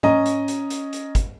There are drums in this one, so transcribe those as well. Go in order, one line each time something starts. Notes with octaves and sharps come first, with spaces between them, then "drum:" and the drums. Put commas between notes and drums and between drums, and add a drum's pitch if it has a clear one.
C#4 D#5 A#5, drum: tom G#2
drum: hi-hat
drum: hi-hat
drum: hi-hat
drum: hi-hat
drum: kick, hi-hat